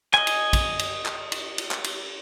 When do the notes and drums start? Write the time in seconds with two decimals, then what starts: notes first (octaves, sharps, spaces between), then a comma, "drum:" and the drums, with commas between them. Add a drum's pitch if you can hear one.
0.14 D#5 G#5, drum: clap
0.27 drum: cymbal
0.53 drum: kick, cymbal
0.79 drum: cymbal
1.06 drum: clap
1.32 drum: cymbal
1.58 drum: cymbal
1.71 drum: clap
1.84 drum: cymbal